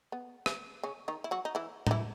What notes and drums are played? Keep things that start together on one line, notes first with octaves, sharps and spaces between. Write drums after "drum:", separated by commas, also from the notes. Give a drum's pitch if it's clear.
B3
drum: rim click
C#3 C#4
D#3 D#4
E4
F#3 F#4
D#4
E3 E4
D#4, drum: tom A2
E3 E4